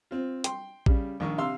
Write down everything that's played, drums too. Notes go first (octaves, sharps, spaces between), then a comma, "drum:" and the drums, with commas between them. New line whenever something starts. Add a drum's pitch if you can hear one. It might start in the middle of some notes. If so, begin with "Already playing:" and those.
C4 F4
G5 C6, drum: hi-hat
C#3 G3, drum: kick
A#1 D#3 C#6
C3 F5 C6 E6